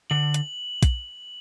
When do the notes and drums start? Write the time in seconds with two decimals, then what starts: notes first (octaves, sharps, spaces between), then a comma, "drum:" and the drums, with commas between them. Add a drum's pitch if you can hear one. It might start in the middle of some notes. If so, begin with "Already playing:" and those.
0.10 D3 F#7
0.34 drum: hi-hat
0.83 drum: kick A#1, hi-hat